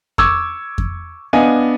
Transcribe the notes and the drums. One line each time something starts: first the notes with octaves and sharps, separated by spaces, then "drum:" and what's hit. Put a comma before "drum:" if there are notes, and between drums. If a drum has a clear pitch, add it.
C#6 D6 E6 G#6, drum: kick F2
drum: kick F2
B3 D4 D#5 F5 G#5